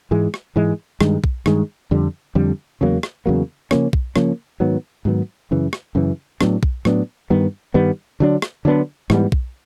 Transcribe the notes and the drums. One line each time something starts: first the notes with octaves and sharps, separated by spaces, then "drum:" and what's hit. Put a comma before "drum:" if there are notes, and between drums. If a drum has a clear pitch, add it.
G#2 E3 G#3
drum: rim click
G#2 E3 G#3
G2 D#3 G#3, drum: rim click
drum: kick B1
G2 D#3 G#3, drum: rim click
F2 D3 G3
F2 D3 G3
E2 C#3 F#3 A#3
drum: rim click
E2 C#3 F#3 A#3
C#3 F3 A#3 C#4, drum: rim click
drum: kick B1
C#3 F3 A#3 C#4, drum: rim click
G#2 D#3 F#3 B3
G#2 D#3 F#3 B3
F#2 C#3 E3
drum: rim click
F#2 C#3 E3
A2 F#3 B3 D4, drum: rim click
drum: kick B1
A2 F#3 B3 D4, drum: rim click
G2 D#3 G3 B3
G2 D#3 G3 B3
D3 F#3 B3 D4
drum: rim click
D3 F#3 B3 D4
G#2 E3 G3 B3, drum: rim click
drum: kick B1